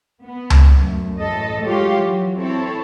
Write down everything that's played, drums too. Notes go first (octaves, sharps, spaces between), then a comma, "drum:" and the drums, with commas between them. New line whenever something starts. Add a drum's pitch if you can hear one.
B3
drum: tom C#2
F#2 A3
A2 E3 A4 D#5
F#3 G#3 F4 G4 C#5 F5
E3 F#3
C4 E4 A4 C#5